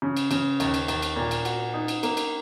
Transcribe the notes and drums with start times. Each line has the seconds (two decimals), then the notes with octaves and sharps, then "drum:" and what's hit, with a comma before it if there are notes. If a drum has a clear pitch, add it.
0.02 C#3
0.17 drum: cymbal
0.31 C#3, drum: cymbal
0.60 D#2, drum: cymbal
0.74 drum: cymbal
0.88 D#2, drum: cymbal
1.02 drum: cymbal
1.16 A#2
1.31 drum: cymbal
1.45 F#4, drum: cymbal
1.74 D#4
1.88 drum: cymbal
2.03 A#3, drum: cymbal
2.17 drum: cymbal